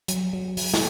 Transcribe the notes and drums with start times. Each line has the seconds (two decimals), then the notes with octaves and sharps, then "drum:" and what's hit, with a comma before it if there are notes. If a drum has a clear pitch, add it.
0.08 F#3, drum: hi-hat
0.33 F#3
0.57 F#3, drum: open hi-hat
0.74 drum: snare